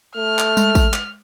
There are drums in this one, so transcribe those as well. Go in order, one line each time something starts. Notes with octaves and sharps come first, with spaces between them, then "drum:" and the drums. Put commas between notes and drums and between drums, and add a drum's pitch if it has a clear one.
A3 F6
drum: clap
G#3, drum: tambourine
drum: kick, tambourine
drum: clap